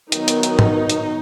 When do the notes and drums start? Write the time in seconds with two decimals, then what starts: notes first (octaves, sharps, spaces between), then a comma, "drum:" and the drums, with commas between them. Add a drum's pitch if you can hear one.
0.12 D#3 F#3 B3 D#4, drum: hi-hat
0.28 drum: hi-hat
0.43 drum: hi-hat
0.59 drum: tom G#2
0.90 drum: hi-hat